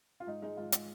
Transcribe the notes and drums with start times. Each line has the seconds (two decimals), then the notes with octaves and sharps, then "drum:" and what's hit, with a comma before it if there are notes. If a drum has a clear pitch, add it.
0.20 F4
0.27 G#2 D#4
0.42 G#3 D#4
0.57 G#2 F4
0.72 drum: hi-hat